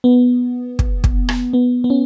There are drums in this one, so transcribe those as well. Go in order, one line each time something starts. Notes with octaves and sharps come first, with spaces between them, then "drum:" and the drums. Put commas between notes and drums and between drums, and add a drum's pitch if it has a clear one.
B3
drum: kick
drum: kick
drum: rim click
B3
B3
C#4